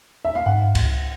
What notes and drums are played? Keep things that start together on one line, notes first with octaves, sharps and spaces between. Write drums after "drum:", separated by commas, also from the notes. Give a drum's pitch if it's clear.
E5
F5
G#2 F#5
drum: kick C#2, cymbal